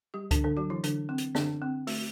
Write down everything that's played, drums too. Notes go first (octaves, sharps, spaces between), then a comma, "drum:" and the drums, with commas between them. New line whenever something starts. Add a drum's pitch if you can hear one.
G3 G4
D3 D4, drum: kick C#2, hi-hat
D3 D4
F#3 F#4
E3 E4
D3 D4, drum: hi-hat
C4
drum: hi-hat
D3 D4, drum: snare
C4
A3, drum: open hi-hat